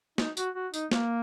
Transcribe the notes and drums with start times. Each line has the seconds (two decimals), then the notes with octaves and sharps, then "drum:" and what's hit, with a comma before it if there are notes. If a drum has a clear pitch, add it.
0.18 D#4, drum: snare
0.37 F#4, drum: tambourine
0.55 F#4
0.74 D#4, drum: tambourine
0.91 A#3, drum: snare